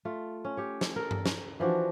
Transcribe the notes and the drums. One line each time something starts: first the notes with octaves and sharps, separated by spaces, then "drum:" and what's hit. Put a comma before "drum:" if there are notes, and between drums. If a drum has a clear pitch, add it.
A3 F4
C#4
G4 C#5
drum: snare
A4 A#4
drum: tom G2
drum: snare
E3 F3 D4 F#4